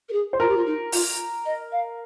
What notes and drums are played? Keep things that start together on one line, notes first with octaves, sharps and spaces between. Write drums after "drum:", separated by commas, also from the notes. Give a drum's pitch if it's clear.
A#4
G#4
C5
F4 A#4
G4
F4
D#4
F4, drum: open hi-hat
D#5
F5